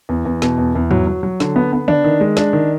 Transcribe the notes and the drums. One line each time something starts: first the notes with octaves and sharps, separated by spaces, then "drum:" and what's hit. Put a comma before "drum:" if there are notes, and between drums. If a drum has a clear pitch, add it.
E2
E2
B2, drum: snare
E2
E2
F#3, drum: tom
F#3
F#3
D3, drum: snare
B3
B3
D4, drum: tom C#3
D#3
G#3
D4, drum: snare
D#3